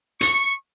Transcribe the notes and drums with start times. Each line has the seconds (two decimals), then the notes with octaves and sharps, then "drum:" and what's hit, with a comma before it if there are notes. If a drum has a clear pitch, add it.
0.21 C#6, drum: hi-hat